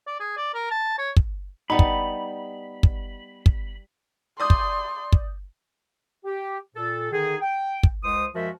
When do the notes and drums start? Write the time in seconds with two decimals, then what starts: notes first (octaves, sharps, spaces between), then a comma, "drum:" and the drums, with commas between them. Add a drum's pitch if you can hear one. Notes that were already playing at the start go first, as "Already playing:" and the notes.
0.07 D5
0.20 G#4
0.37 D5
0.54 A#4
0.71 A5
0.98 C#5
1.16 drum: kick
1.70 G3 B3 D#4 B5
1.79 drum: kick
2.83 drum: kick
3.46 drum: kick
4.40 D5 C6 D#6 G6
4.50 drum: kick
5.12 drum: kick
6.24 G4
6.75 A#2 A4
7.12 D3 D#3 D#4 G#4
7.41 G5
7.83 drum: kick
8.03 C#2 C5 D#6
8.35 F#2 F3 G#3 F#4 A#4 E5